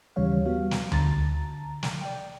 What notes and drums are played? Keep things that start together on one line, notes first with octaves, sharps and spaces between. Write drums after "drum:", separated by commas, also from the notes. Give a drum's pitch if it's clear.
D#2 C#3 E3 G3 C#5 F5
G3 B3 F#4 F5
drum: snare
D3 A5 A#5 A6, drum: tom D2
drum: snare
D5 G5